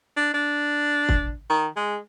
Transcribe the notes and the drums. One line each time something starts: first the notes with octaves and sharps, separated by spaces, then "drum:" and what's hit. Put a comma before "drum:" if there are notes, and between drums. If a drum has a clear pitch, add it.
D4
D4
drum: kick
D#3
G#3